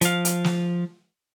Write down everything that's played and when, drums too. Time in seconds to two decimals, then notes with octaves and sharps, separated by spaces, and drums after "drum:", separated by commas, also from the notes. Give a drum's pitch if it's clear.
0.01 F3 F5, drum: hi-hat
0.25 drum: hi-hat
0.44 drum: snare